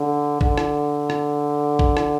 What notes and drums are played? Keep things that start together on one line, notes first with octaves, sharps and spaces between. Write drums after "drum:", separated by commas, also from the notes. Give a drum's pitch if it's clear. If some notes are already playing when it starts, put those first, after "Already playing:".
Already playing: D3
D3, drum: kick A1
drum: rim click
drum: rim click
drum: kick A1
drum: rim click